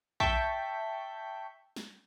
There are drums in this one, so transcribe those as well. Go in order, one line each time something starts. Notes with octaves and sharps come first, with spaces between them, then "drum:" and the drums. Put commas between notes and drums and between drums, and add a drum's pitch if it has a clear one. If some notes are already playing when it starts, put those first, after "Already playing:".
E5 G5 A5 C#6 G6 B6, drum: kick A#1
drum: snare